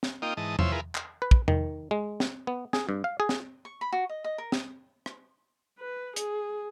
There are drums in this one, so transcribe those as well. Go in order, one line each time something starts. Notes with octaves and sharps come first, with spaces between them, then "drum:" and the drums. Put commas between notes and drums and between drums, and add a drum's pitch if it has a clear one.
drum: snare
A#3 D#4 F4 D#5 G5
G#2 E3 D#5 A5
E3 F4 C5 C#5 E6, drum: tom E2
E4 F4 G#4 A#4 B4
drum: clap
B4
drum: kick
D#3, drum: tom E2
G#3
drum: snare
B3
G#4, drum: snare
G2
F5
G#4
drum: snare
C#6
B5
F#4
D#5
D#5
A#4
D#6, drum: snare
drum: rim click
B4
G#4, drum: hi-hat